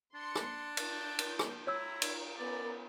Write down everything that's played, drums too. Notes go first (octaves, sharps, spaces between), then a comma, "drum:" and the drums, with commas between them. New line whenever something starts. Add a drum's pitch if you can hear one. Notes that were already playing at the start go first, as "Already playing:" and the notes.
D4 C6 C#7
drum: rim click
drum: cymbal
G6
drum: cymbal
drum: rim click
E4 C#5 A#5 E6
drum: cymbal
B3 C#4 A#4 D5